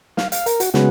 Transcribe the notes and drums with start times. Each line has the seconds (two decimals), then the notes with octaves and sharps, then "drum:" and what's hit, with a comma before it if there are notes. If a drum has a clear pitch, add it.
0.17 F5, drum: snare
0.32 F5, drum: hi-hat
0.46 A#4, drum: hi-hat
0.60 F#4, drum: hi-hat
0.74 C#3 G#3 B3 F#4, drum: snare